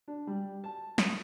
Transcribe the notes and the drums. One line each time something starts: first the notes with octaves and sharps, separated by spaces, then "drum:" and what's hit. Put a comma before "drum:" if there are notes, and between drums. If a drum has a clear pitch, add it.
D4
G3
A5
D#6, drum: snare